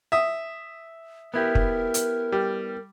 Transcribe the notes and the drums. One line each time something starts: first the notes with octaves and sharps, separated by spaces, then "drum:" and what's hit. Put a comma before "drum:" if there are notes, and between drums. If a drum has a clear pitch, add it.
E5 D#6
B3 E4 G4 A#4
drum: kick
drum: hi-hat
G3